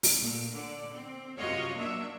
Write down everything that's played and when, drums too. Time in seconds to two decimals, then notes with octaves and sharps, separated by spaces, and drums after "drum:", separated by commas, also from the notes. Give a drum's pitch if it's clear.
0.03 drum: open hi-hat
0.19 A#2 A3
0.55 D3 D5
0.92 C4
1.39 F#2 C3 F4 F#4 C#5 D#5
1.75 F#3 A#3 D4 E5